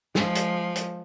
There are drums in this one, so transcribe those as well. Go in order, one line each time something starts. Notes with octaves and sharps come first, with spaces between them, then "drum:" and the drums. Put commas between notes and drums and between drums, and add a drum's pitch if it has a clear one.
F3 G#3, drum: snare
drum: hi-hat
drum: hi-hat